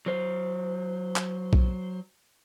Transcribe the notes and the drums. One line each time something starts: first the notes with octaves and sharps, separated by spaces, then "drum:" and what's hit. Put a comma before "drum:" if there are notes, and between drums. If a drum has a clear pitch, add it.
F#3 C5
drum: clap
drum: kick B1